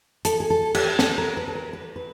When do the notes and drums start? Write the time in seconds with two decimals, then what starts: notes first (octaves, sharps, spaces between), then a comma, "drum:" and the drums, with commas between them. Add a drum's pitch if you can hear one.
0.25 A4, drum: hi-hat
0.40 G#4
0.50 A4
0.75 G4, drum: cymbal
0.99 A4, drum: snare
1.18 A#4
1.37 B4
1.48 A4
1.55 A#4
1.73 B4
1.96 B4